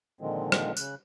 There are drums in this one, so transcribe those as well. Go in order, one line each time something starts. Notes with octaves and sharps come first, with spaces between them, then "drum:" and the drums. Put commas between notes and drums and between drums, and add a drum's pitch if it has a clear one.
A#2 D3 D#3 F3 G#3 C4
drum: rim click
C#3 F#6, drum: tambourine